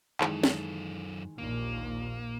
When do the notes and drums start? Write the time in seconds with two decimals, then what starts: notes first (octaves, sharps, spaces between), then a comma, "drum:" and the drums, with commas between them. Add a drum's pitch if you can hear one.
0.21 F#2 D#3 E3 G#3 A4, drum: clap
0.43 drum: snare
1.38 A#1 D#2 A#2 A#3